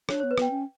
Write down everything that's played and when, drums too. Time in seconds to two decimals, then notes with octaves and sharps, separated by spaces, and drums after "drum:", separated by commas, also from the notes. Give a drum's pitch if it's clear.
0.09 D4 C#5, drum: rim click
0.20 C#5
0.23 B3
0.31 B4
0.38 B3 G5, drum: rim click
0.51 C#4